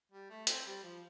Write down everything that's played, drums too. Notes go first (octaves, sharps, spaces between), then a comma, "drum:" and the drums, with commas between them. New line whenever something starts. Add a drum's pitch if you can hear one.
G3
A3
C4, drum: hi-hat
G3
F3